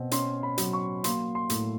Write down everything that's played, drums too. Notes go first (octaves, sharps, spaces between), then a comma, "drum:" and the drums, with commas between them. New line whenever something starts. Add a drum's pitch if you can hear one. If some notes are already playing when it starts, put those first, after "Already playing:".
Already playing: B2 C4
C#4 C6, drum: hi-hat
B5
F#3, drum: hi-hat
C#6
A#3 C6, drum: hi-hat
C6
A2, drum: hi-hat